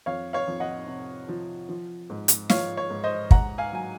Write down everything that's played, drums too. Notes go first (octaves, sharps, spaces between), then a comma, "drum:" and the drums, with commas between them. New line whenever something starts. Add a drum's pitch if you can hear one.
F2 C#5 F5
C#5 F5
F2
D#5 F#5
C3
F3
F3
G#2
drum: hi-hat
F3 C#5 F5, drum: snare
C#5
G#2
C5 D#5
G#2 F#5 A#5, drum: kick
F5 G#5
F#3 G#5